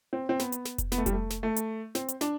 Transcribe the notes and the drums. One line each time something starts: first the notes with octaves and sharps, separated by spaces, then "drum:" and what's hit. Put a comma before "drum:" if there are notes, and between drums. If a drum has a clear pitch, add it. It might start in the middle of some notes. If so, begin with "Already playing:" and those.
C4
C4
B3, drum: snare
drum: hi-hat
drum: snare
drum: kick F1, hi-hat
B3, drum: snare
A3
G3, drum: kick F1, hi-hat
A3
drum: snare
A3
drum: hi-hat
C4, drum: snare
drum: hi-hat
D4, drum: snare